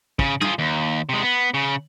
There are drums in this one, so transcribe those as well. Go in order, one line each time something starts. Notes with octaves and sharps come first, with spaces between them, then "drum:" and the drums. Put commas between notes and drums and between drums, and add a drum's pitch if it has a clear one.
C#3, drum: kick
F4 G#4, drum: tom
D#2
C3 G#3
B3
C#3